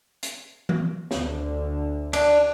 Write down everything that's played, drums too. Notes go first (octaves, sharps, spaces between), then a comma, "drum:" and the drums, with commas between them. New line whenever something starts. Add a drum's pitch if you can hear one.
drum: hi-hat
drum: tom E3
D2 D3, drum: snare
D4, drum: cymbal